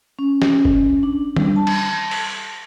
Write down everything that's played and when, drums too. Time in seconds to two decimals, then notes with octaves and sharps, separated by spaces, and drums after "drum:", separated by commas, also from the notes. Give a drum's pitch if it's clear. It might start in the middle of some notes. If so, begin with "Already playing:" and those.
0.19 C#4
0.42 drum: snare
0.65 drum: kick
1.03 D4
1.36 G3, drum: tom
1.56 A5
1.67 drum: cymbal
2.11 drum: open hi-hat